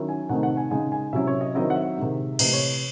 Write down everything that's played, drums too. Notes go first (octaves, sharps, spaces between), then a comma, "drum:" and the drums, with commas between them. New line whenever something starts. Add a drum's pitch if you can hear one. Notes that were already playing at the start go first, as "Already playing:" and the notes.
Already playing: D#3 F#3 C#4 E4
G#5
C3 D#3 A3 C4 D#4 F#5
F#5
G#5
C#3 G#3 D#4 G#5
G#5
C3 F#3 C#4 E4 E5
C#5
D#5
D#3 F#3 C4 E4 D#5
F#5
E5
C3 D#3 G#3
C3 E3 A3 D#5, drum: cymbal
C#5